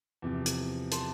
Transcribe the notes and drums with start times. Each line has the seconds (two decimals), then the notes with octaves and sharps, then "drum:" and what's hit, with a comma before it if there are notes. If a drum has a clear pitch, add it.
0.22 E2 C3 F3
0.46 drum: hi-hat
0.92 A5 C6, drum: hi-hat